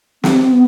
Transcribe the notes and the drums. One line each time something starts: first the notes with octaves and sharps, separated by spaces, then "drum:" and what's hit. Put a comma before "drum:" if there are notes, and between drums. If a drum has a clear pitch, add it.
C4, drum: snare
B3